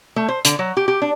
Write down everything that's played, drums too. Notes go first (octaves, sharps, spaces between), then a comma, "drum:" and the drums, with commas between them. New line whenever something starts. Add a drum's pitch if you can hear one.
A3
C5
D3, drum: hi-hat
F#3
G4
G4
D4